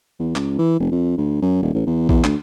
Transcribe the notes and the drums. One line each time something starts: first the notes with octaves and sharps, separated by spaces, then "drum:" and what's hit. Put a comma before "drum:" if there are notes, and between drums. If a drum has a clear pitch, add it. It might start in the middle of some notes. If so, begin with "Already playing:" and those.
E2
C#2, drum: clap
E3
F1
F2
D2
F#2
D#1
A1
E2
E2, drum: kick A#1
D2, drum: clap